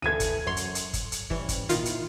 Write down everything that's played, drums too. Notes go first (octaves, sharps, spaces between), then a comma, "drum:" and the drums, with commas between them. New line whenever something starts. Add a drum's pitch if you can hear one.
D2 C#3 E3 A4 G#6 D#7
drum: kick, hi-hat
F#2 C#5 C6
drum: hi-hat
drum: hi-hat
drum: kick, hi-hat
drum: hi-hat
E3 G3 C#4, drum: kick
drum: kick, hi-hat
A#2 D#3 E4 F4, drum: hi-hat
drum: hi-hat